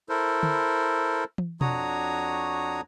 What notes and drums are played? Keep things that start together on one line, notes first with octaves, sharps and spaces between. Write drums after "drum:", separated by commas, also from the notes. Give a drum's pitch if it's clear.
E4 A4 A#4 C5
drum: tom
drum: tom
F2 D4 F#4 C#5 A#5 D#6, drum: tom B2